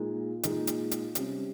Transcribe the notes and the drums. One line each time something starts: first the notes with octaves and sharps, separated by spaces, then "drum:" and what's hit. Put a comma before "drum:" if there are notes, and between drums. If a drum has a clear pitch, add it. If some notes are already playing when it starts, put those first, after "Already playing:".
Already playing: A#2 G#3 D#4
A#2 G#3 D#4, drum: hi-hat
drum: hi-hat
drum: hi-hat
C3 G3 C#4, drum: hi-hat